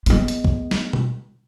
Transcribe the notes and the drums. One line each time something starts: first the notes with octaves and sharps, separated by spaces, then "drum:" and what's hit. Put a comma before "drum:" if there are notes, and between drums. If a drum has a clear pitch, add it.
G#3 B3, drum: hi-hat
drum: hi-hat
drum: kick C2
drum: snare
drum: tom B2